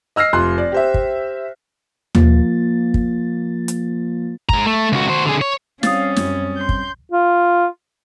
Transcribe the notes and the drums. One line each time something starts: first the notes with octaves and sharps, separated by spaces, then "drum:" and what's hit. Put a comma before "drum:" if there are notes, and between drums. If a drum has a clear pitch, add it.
D#5 E6 F6 A#6 C7
F1 F4 C6 F#6
D5
G4 C5 E5
drum: kick
F3 A#3 F4 A6, drum: tom D#2
drum: kick
drum: hi-hat
G#2 A#5, drum: kick
A3
C#2 F#4
F#4 C5
D3 G#4
C#5
G3 C4 C#4 F5 D#6 A6, drum: snare
F#2, drum: snare
C6 G6
drum: kick
F4